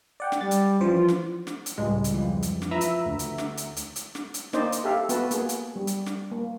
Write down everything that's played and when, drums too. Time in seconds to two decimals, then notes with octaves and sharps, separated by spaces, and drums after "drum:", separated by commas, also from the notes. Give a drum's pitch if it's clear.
0.20 D5 F#5 G5
0.32 drum: snare
0.41 G3 A6
0.51 drum: hi-hat
0.81 E3 F3 C#4 C5
0.95 F4
1.08 drum: snare
1.47 drum: snare
1.66 drum: hi-hat
1.78 C#2 A2 G3 G#3
2.04 drum: hi-hat
2.14 F2 E3
2.42 drum: hi-hat
2.62 drum: snare
2.71 F3 B4 E5 A#5 B6
2.81 drum: hi-hat
3.05 D2
3.19 drum: hi-hat
3.38 drum: snare
3.57 drum: hi-hat
3.77 drum: hi-hat
3.96 drum: hi-hat
4.15 drum: snare
4.34 drum: hi-hat
4.53 A#3 D#4 C5 D5 D#5, drum: snare
4.72 drum: hi-hat
4.84 G4 A4 E5 F5
5.09 B3 F#4 B4 A5, drum: hi-hat
5.31 A#3 G#4, drum: hi-hat
5.49 drum: hi-hat
5.76 G3
5.87 drum: hi-hat
6.06 drum: snare
6.32 A#3